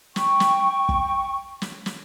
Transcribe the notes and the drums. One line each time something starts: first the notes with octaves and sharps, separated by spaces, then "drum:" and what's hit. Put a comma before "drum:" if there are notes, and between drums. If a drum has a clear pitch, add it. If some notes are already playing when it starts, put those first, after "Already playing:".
G5 C#6, drum: snare
drum: snare
drum: kick
drum: snare
drum: snare